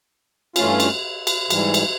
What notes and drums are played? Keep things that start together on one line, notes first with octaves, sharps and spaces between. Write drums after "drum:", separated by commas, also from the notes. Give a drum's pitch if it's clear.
G2 E3 A3 C#4 F4, drum: cymbal
drum: cymbal
drum: cymbal
G#2 E3 G3, drum: cymbal
drum: cymbal